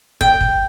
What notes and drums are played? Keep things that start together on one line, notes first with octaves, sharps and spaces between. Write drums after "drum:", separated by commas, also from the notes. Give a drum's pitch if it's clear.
G5, drum: kick
drum: kick